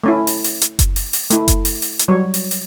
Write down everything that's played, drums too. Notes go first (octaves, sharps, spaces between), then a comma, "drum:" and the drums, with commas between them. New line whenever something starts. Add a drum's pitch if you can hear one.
A3 C#4 E4
drum: open hi-hat
drum: open hi-hat
drum: hi-hat
drum: kick F#1, hi-hat
drum: open hi-hat
drum: open hi-hat
A3 E4, drum: hi-hat
drum: kick F#1, hi-hat
drum: open hi-hat
drum: open hi-hat
drum: hi-hat
F#3 G3 C#5
drum: open hi-hat
drum: open hi-hat